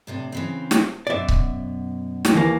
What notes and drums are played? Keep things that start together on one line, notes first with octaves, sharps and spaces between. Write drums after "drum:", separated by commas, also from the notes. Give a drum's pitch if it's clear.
A2 C3 D4
C#3 E3 C4
drum: snare
F#2 B2 D5 E5
drum: kick C#1
drum: snare
D#2 E3 A#3